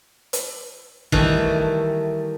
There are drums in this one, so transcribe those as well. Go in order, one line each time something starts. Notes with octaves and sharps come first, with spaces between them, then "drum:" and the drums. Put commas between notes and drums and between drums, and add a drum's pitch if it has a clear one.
drum: hi-hat
D#3 E3 G3 A3, drum: kick